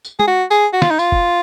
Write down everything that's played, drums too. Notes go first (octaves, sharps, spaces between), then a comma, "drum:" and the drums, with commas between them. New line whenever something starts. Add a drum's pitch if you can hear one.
drum: tambourine
G#4, drum: tom
F#4
G#4, drum: tambourine
F#4
F4, drum: snare
D#4
F4, drum: tambourine
drum: kick F#1